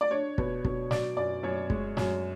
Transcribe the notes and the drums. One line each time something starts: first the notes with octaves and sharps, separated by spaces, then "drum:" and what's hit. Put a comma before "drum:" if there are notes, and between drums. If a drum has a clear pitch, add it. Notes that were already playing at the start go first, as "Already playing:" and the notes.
D5
D4 C#5
B2, drum: kick
B2, drum: kick
F#3 D5, drum: snare
F#2 D5
F#2 C#5
G#3, drum: kick
F#2, drum: snare